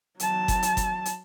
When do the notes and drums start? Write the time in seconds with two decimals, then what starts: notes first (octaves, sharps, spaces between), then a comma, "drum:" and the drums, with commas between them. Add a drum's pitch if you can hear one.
0.20 F#3 A5, drum: hi-hat
0.48 drum: kick F#1, hi-hat
0.63 drum: hi-hat
0.77 drum: kick F#1, hi-hat
1.05 drum: hi-hat